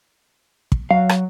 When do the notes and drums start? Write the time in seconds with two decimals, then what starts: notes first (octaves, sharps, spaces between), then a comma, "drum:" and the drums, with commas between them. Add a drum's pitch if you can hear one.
0.72 drum: kick
0.91 F#3 F5
1.09 drum: rim click